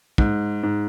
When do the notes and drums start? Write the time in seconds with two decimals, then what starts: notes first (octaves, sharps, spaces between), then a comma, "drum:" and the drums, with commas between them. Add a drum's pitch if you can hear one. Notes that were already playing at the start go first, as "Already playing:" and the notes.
0.18 G#2, drum: kick
0.63 G#2